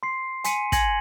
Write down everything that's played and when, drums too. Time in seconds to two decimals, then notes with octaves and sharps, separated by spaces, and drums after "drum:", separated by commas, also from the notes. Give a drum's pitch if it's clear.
0.03 C6 C7
0.44 G#5 C6 B6 C#7 D#7, drum: hi-hat
0.72 G#5 G#6 A#6 C#7 F#7, drum: kick, hi-hat